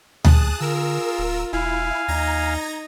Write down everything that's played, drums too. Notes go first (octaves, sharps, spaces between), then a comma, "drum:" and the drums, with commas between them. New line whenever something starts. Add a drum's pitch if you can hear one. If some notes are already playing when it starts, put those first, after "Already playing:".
D#2 G#4 A5 D#6 F#6, drum: tom D2
D3 F4 A#4 E6
D1
E1 E4 F5 G#5
D#2 D#4 A#5 G#6 A#6